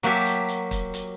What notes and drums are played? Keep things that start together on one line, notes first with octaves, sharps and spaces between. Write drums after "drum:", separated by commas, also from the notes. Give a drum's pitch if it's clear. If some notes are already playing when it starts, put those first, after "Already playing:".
F#3 A#3 F#4 G4 E5 A5, drum: hi-hat
drum: hi-hat
drum: hi-hat
drum: kick, hi-hat
drum: hi-hat